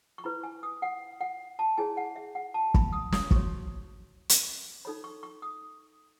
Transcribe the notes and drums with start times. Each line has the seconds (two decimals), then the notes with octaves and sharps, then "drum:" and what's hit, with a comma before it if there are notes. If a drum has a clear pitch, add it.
0.18 C#6
0.24 E4 B4 B5
0.43 G#5
0.63 D#6
0.82 F#5
1.21 F#5
1.59 A5
1.77 E4 G#4 C#5 G#5
1.97 F#5
2.16 E5
2.35 F#5
2.54 A5
2.74 B5, drum: kick
2.93 D#6
3.12 D#6, drum: snare
3.31 F#4 C#5 C#6, drum: kick
4.29 drum: hi-hat
4.85 D#4 A4 C#5 B5
5.04 C#6
5.23 C#6
5.42 D#6